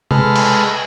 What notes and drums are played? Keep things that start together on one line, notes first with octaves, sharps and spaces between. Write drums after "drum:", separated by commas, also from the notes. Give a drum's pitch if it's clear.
G#3 A4 B4 F6, drum: tom C3
drum: cymbal